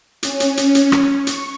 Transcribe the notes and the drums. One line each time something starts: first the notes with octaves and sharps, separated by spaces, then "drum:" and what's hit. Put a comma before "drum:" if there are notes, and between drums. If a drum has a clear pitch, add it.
C#4, drum: hi-hat
drum: hi-hat
drum: hi-hat
drum: hi-hat
drum: rim click
C#6
drum: hi-hat